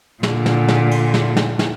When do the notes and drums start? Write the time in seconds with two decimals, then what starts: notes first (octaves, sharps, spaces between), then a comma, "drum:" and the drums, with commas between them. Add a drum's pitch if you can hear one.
0.23 A#2 D3, drum: snare
0.46 drum: snare
0.68 drum: snare
0.91 drum: cymbal
1.14 drum: snare
1.37 drum: snare
1.59 drum: snare